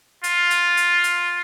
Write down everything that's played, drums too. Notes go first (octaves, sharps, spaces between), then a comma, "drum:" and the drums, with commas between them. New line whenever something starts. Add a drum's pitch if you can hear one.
F4, drum: hi-hat
drum: hi-hat
drum: hi-hat
drum: hi-hat